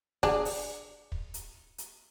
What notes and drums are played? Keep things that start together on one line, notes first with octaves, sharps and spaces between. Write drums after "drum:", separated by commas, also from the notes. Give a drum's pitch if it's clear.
D4 G#4, drum: snare
drum: open hi-hat
drum: kick
drum: hi-hat
drum: hi-hat